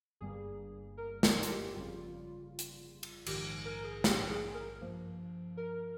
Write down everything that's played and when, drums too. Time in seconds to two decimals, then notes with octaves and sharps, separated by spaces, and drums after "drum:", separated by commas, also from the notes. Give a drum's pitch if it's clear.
0.20 G1 G2 G3 A#3 G#4
0.97 A#4
1.23 A#4, drum: snare
1.43 F4, drum: hi-hat
1.48 G4
1.74 G1 F2 C#3 G3 A#3 F4
2.59 drum: hi-hat
3.03 drum: cymbal
3.26 A#1 G#2 D#3 G4, drum: cymbal
3.65 A#4
3.84 G#4
4.04 G4, drum: snare
4.30 G#4
4.54 A#4
4.81 G2 F3 A#3
5.57 A#4